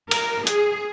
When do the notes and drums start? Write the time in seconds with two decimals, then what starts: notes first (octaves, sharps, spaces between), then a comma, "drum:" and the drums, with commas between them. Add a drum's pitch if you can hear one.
0.11 A#4, drum: cymbal
0.47 G#4, drum: hi-hat